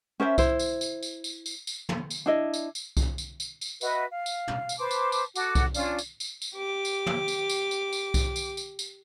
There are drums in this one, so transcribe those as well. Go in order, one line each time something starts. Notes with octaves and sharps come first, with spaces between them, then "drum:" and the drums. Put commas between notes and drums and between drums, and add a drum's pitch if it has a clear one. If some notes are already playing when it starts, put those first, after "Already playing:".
C#4 A#4 C5 E5
E4 C5, drum: kick C2, tambourine
drum: tambourine
drum: tambourine
drum: tambourine
drum: tambourine
drum: tambourine
drum: tambourine
drum: tom
drum: tambourine
D4 E4 D#5
drum: tambourine
drum: tambourine
drum: kick C2, tambourine
drum: tambourine
drum: tambourine
drum: tambourine
F#4 B4 D#5 E5, drum: tambourine
F5
drum: tambourine
drum: tom
drum: tambourine
B4 C5 A5 D6
drum: tambourine
drum: tambourine
F#4 A4 F#5 D6, drum: tambourine
drum: kick C2, tambourine
C#4 D4 F4, drum: tambourine
drum: tambourine
drum: tambourine
drum: tambourine
G4 D6
drum: tambourine
drum: tom
drum: tambourine
drum: tambourine
drum: tambourine
drum: tambourine
drum: kick C2, tambourine
drum: tambourine
drum: tambourine
drum: tambourine